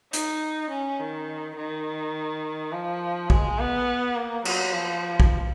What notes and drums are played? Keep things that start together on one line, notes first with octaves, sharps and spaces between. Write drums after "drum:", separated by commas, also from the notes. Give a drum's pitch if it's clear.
D#4, drum: hi-hat
C#4
D#3
D#3
F3
G#3, drum: kick A1
B3
A#3
F#3, drum: cymbal
F3
drum: kick A1